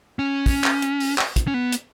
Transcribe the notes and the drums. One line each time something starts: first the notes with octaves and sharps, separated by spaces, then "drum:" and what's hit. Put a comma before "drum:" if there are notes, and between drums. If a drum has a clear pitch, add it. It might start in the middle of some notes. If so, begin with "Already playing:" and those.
C#4
drum: kick, open hi-hat
drum: clap
drum: hi-hat
drum: open hi-hat
drum: clap
drum: kick, hi-hat
C#4
B3
drum: hi-hat